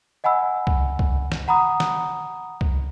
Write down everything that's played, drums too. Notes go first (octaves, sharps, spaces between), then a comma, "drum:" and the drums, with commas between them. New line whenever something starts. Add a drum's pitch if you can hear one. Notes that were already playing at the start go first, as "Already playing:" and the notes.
D#5 F#5 G#5 B5 E6
drum: kick C2
drum: kick C2
drum: snare
F#5 A#5 B5 D#6
drum: snare
drum: kick C2